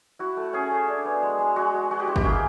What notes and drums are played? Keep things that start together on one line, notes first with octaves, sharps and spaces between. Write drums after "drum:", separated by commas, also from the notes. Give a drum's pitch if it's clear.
E4 F#4
A3
C#4 G#4
A3
D4
B3
G#3
G#3
G#3 F#4
G#3
G#3 F#4
G4
E4 F#4
G4, drum: kick
A#3 G#4